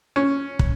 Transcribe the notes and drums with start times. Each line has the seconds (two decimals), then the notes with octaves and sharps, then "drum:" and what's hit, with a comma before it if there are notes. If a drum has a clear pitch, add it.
0.16 C#4
0.59 drum: kick